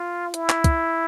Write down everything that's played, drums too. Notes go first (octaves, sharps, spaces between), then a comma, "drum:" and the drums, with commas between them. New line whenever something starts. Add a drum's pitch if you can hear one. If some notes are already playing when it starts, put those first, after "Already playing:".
Already playing: F4
E4, drum: hi-hat
drum: clap
drum: kick, hi-hat